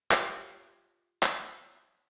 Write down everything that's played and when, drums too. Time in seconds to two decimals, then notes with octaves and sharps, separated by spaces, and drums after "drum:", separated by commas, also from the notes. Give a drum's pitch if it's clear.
0.11 F4 G4 C#5, drum: clap
1.23 drum: clap